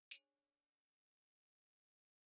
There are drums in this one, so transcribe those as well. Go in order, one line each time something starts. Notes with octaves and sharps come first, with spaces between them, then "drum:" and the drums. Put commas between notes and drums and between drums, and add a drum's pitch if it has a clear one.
D4 G#4 C#5, drum: tambourine